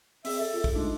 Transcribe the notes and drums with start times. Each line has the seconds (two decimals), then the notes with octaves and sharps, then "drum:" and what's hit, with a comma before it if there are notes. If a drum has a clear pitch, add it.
0.25 C4 G#4 E5, drum: open hi-hat
0.39 A4 E5
0.54 F4
0.64 drum: kick
0.75 G#3 A3 D4 D#4